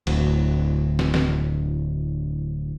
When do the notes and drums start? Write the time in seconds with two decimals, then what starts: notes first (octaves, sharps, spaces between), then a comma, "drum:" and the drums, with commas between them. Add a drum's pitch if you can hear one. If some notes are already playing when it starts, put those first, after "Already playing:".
0.07 D1 D2, drum: cymbal
0.99 drum: snare
1.14 drum: snare